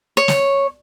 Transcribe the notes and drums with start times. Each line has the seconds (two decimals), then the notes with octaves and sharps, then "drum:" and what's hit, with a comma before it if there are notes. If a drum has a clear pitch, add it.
0.17 C#5
0.28 drum: snare